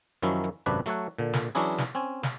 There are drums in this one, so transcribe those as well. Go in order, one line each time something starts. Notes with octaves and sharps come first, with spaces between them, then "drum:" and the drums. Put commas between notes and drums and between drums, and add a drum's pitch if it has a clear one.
F#2 D#3 F3 F#3 C#4 E4, drum: hi-hat
drum: hi-hat
G#1 F#2 C3 D4 B4, drum: hi-hat
F#3 A3 A4 C#5 F#5, drum: hi-hat
A#2 D3
drum: snare
E3 F#3 C#4 D4 E4 G#4, drum: open hi-hat
drum: snare
C4 C#4 G#5
drum: snare